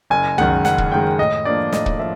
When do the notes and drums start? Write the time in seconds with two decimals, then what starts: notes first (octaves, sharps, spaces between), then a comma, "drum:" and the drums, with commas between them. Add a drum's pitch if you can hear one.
0.10 F#1 G#5
0.38 F#2 D#3 G#3 F#5, drum: tom C2
0.65 F#1 F#5, drum: snare
0.78 drum: kick
0.92 F#2 D#3 G#3 G5
1.19 A2 D#5
1.45 F3 A#3 D4 D5
1.73 A2 D#5, drum: snare
1.86 drum: kick
1.99 F3 E5